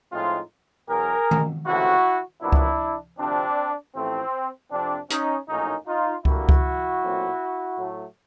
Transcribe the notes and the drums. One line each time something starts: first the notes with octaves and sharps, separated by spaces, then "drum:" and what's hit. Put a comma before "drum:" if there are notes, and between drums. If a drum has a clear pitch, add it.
A2 F3 G#3 C4 D#4 F4
E2 B2 F#3 G#4 A#4
drum: tom D#3
C#2 C3 F3 A3 E4 F#4
C2 A#2 F#3 B3 D4 E4
drum: kick C#2
D2 C3 F3 C4 D4
A1 A2 F3 A3 C4
F2 C3 F3 C4 D4
C#4 D#4, drum: hi-hat
A#1 A2 F#3 A#3 C#4 D#4
D#4 F4
G2 D3 G3 A#3 E4 F#4, drum: kick C#2
drum: kick C#2
B1 A#2 F#3 A3 C4
A2 F#3 A3